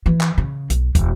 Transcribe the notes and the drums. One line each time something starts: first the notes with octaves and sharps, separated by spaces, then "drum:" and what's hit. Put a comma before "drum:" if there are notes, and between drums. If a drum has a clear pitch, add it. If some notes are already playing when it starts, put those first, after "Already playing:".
E3
drum: clap
C#3
B1, drum: hi-hat
E1, drum: kick, hi-hat